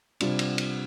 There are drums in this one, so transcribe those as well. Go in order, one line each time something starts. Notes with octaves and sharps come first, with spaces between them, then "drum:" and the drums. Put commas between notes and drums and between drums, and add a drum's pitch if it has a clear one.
C3 G3 D4 F4, drum: cymbal
drum: cymbal
drum: cymbal